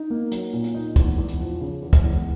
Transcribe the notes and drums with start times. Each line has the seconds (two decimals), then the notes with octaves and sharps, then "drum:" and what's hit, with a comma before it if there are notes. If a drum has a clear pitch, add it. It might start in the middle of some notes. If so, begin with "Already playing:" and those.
Already playing: D#4
0.10 A#3
0.32 F#3, drum: hi-hat
0.53 A#2
0.64 drum: hi-hat
0.74 D#4
0.96 E2, drum: kick, hi-hat
1.18 E2
1.28 drum: hi-hat
1.39 F3
1.61 C#3
1.82 E2
1.93 drum: kick, hi-hat
2.04 E2